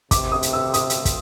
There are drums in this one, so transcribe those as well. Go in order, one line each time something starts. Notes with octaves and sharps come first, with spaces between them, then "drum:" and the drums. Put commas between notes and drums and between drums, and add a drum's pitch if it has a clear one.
C3 D6, drum: kick, hi-hat
D#6
drum: hi-hat
E6
D#6, drum: hi-hat
drum: hi-hat
drum: kick, hi-hat